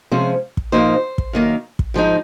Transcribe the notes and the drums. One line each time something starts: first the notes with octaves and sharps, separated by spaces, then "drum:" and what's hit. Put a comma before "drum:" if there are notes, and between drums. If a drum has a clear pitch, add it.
C3 F3 G#3 C#4 C5
drum: kick
A#2 F3 A#3 D#4 C5
drum: kick
F#2 D#3 A#3
drum: kick
G#2 F3 G#3 D#4